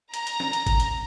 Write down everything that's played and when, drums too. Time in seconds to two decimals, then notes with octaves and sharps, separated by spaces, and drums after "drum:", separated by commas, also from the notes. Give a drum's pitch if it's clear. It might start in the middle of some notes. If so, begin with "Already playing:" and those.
0.14 A#5, drum: hi-hat
0.27 drum: hi-hat
0.40 drum: snare
0.53 drum: hi-hat
0.66 drum: kick G#1, hi-hat
0.80 drum: hi-hat